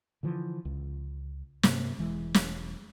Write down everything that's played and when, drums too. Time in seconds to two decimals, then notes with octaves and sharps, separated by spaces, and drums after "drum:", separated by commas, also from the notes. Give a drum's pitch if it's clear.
0.23 D3 E3 F3
0.65 C#2
1.63 G2 C3 A#3, drum: snare
1.98 E1 E3 G#3
2.34 drum: snare